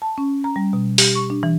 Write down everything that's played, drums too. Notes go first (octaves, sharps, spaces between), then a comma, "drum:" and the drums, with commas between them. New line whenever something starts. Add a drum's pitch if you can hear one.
A5
C#4
A#5
G3
B2
G4, drum: open hi-hat
C#6
D4
E3